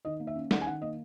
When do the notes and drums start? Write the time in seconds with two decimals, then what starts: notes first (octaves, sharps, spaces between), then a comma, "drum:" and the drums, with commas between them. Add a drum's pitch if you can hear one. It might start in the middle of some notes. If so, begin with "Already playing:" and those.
0.05 D#3 D#5
0.20 A#3
0.27 E5
0.36 C#4
0.51 D#3 F#5, drum: snare
0.61 G#5
0.66 D#3 F#5
0.82 A#3 D#5